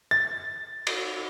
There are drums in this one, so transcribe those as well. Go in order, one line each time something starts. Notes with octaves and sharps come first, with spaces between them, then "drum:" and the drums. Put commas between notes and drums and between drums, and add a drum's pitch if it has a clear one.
A6
drum: cymbal